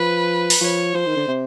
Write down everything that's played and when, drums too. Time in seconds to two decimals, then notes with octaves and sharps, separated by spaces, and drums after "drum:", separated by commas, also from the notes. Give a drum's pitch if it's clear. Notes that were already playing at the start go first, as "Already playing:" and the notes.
Already playing: F3 B4
0.50 drum: open hi-hat
0.61 F3 C#5
0.95 F3 C5
1.06 D#3
1.17 D3
1.28 C3